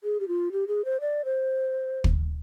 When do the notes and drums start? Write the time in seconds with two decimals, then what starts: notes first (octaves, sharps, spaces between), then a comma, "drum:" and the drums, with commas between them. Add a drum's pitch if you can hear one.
0.04 G#4
0.20 G4
0.28 F4
0.52 G4
0.68 G#4
0.85 C5
1.01 D5
1.25 C5
2.04 drum: kick